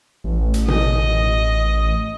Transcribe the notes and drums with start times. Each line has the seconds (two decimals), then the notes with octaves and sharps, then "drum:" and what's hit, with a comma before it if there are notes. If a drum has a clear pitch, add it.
0.24 A1
0.54 drum: hi-hat
0.68 D#5, drum: tom B2